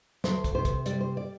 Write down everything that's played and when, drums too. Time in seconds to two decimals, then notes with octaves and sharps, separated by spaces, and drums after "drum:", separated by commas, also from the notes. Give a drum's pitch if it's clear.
0.24 D2 C5, drum: snare
0.44 drum: kick, hi-hat
0.55 C3 C5
0.65 drum: kick, hi-hat
0.86 G3 D5, drum: hi-hat
1.01 C5
1.17 D5